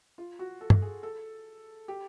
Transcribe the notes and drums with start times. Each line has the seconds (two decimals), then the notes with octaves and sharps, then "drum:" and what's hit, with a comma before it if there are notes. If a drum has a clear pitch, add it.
0.18 F4
0.39 F#4
0.61 A4
0.70 drum: tom
0.82 G#4
1.03 A4
1.88 G4